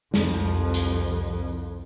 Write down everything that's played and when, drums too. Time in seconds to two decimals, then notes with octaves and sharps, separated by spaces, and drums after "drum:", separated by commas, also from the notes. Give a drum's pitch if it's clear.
0.14 C2 F2, drum: snare
0.74 drum: hi-hat